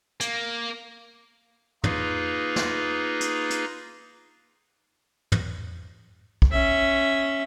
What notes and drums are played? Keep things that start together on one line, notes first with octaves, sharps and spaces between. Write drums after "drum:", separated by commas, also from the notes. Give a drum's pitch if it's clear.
A#3, drum: hi-hat
A#3 D#4 F4 G#4 B4, drum: tom
drum: snare
drum: hi-hat
drum: hi-hat
drum: tom
drum: kick
C#4 E5